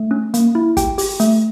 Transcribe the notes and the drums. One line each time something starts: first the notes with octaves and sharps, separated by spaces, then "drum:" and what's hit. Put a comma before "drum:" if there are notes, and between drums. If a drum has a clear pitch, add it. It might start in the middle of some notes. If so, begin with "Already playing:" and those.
Already playing: A3
C#4
A#3, drum: hi-hat
E4
G4 G5, drum: kick, hi-hat
G4, drum: open hi-hat
A3, drum: hi-hat